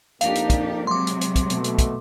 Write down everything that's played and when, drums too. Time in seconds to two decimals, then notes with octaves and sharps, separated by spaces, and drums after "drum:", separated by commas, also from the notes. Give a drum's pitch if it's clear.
0.21 F2 A#3 D4 D#4 G4 F5, drum: hi-hat
0.35 drum: hi-hat
0.50 drum: kick, hi-hat
0.87 C3 F#3 G#3 C6 D6
1.07 drum: hi-hat
1.21 drum: hi-hat
1.36 drum: kick, hi-hat
1.50 B2 A3, drum: hi-hat
1.64 drum: hi-hat
1.79 drum: kick, hi-hat